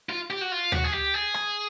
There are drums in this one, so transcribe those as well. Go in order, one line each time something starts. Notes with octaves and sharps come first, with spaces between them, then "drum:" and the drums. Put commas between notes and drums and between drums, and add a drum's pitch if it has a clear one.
F4
G4
F#4
F4
F#4, drum: tom D2
G#4
G4
G#4
drum: rim click